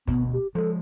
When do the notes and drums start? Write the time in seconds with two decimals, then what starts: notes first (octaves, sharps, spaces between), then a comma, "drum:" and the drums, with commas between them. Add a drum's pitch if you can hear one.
0.07 D2 B2 B3, drum: kick
0.33 G4
0.55 F3 G#3 A4